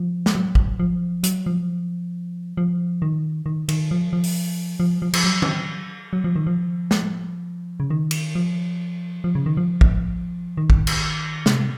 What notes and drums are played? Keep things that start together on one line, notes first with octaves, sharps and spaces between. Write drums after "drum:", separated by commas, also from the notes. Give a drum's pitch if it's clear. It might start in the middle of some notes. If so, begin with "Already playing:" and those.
Already playing: F3
drum: snare
F#3
drum: kick
F3
F#3, drum: hi-hat
F3
F3
D#3
D#3
D#3, drum: cymbal
F3
F3
drum: open hi-hat
F3
F3
F3, drum: cymbal
F#3
drum: tom
F#3
F3
D#3
F3
drum: snare
C#3
D#3
drum: cymbal
F3
F3
C#3
D#3
F3
drum: kick
D#3
drum: kick
drum: cymbal
C3, drum: snare